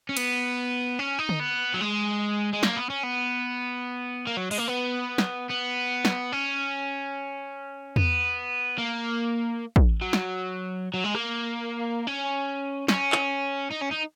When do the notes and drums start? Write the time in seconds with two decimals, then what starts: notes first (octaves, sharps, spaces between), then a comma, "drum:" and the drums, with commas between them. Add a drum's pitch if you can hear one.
0.09 C#4
0.17 B3, drum: cymbal
0.99 C#4
1.19 D#4
1.29 drum: tom D3
1.40 B3
1.74 F#3
1.81 G#3
2.53 G#3
2.63 A#3, drum: snare
2.76 B3
2.90 C#4
3.03 B3
4.27 A#3
4.37 F#3
4.51 G#3, drum: open hi-hat
4.58 A#3
4.68 B3
5.18 drum: snare
5.50 B3
6.05 drum: snare
6.32 C#4
7.96 B3, drum: tom E2
8.78 A#3
9.76 drum: kick
10.01 F#3
10.13 drum: snare
10.94 F#3
11.04 G#3
11.15 A#3, drum: rim click
12.07 C#4
12.88 C#4, drum: snare
13.12 drum: clap
13.71 D#4
13.81 C#4
13.91 D#4